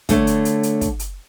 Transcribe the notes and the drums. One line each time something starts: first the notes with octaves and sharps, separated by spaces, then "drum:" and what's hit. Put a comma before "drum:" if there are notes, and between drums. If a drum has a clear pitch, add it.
D3 A3 C#5, drum: kick, hi-hat
drum: hi-hat
drum: hi-hat
drum: hi-hat
drum: kick, hi-hat
drum: hi-hat